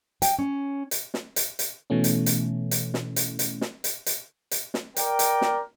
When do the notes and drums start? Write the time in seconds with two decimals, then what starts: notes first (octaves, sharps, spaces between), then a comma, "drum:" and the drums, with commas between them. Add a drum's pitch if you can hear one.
0.22 G5, drum: hi-hat
0.39 C#4
0.91 drum: hi-hat
1.14 drum: snare
1.36 drum: hi-hat
1.59 drum: hi-hat
1.90 B2 E3 A3 C#4
2.04 drum: hi-hat
2.26 drum: hi-hat
2.71 drum: hi-hat
2.94 drum: snare
3.16 drum: hi-hat
3.39 drum: hi-hat
3.61 drum: snare
3.84 drum: hi-hat
4.06 drum: hi-hat
4.51 drum: hi-hat
4.74 drum: snare
4.96 A#4 D5 G5, drum: hi-hat
5.19 drum: hi-hat
5.41 drum: snare